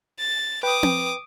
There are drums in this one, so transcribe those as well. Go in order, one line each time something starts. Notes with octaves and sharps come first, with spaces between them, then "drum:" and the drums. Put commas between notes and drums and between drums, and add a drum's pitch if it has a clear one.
A6
B4 G5 D6 D#6
drum: tom C4